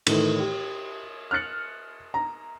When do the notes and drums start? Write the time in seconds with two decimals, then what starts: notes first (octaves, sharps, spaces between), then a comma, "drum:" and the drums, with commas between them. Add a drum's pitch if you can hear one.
0.07 A2 D#3 E3 A3, drum: cymbal
0.40 G4
1.31 F6 F#6 A6 C#7 F#7
2.14 A#5